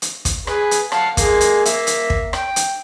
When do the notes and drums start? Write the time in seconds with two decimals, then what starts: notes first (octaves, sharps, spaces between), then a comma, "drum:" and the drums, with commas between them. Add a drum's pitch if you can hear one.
0.02 drum: hi-hat
0.25 drum: kick, hi-hat
0.47 G#4 B4, drum: rim click
0.71 drum: hi-hat
0.92 F5 F#5 A5, drum: rim click
1.17 G#3 A#3 G#4, drum: kick, hi-hat
1.41 drum: hi-hat
1.65 A#3 E5, drum: hi-hat
1.87 drum: hi-hat
2.10 drum: kick
2.33 G5, drum: rim click
2.56 drum: hi-hat